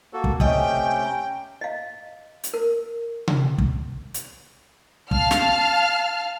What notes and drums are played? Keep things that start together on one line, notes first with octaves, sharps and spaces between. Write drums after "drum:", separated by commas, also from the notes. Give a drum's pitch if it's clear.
A#3 F#4 A4
drum: kick
C3 A3 C#4 D#5 G5 G#5 D#6, drum: kick
A#5
D#5 F5
drum: hi-hat
A#4
drum: tom C3
drum: kick
drum: hi-hat
F5 A5 F6, drum: kick
drum: snare